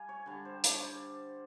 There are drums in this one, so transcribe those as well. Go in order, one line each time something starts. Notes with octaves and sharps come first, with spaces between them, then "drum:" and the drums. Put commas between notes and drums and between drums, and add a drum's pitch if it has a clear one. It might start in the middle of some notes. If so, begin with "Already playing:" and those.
Already playing: G3 F5 G#5
C#5
D3 G3
C5
D5, drum: hi-hat
C#5
C5